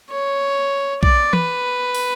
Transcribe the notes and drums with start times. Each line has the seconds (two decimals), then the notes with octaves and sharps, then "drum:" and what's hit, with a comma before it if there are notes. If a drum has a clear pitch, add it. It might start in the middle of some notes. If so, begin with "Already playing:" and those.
0.11 C#5
1.03 D5, drum: kick B1
1.33 B4, drum: tom
1.95 drum: open hi-hat